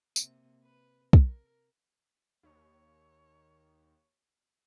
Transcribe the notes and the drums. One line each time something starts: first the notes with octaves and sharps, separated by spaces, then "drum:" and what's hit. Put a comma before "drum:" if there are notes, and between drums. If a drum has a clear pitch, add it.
C3 A#3, drum: tambourine
B4
A#4, drum: kick
D#2 C#5